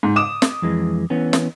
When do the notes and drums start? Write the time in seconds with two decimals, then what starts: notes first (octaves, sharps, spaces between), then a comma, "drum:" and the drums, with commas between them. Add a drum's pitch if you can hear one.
0.03 G#2
0.16 D6 D#6 E7
0.42 drum: snare
0.62 F2 E3 G#3
1.10 E3 B3 C#4
1.33 drum: snare